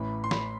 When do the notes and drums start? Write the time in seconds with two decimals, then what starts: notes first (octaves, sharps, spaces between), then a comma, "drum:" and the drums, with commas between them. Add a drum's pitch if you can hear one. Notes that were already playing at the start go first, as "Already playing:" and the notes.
Already playing: A1 A2 E3 B5
0.24 C6
0.31 B5, drum: snare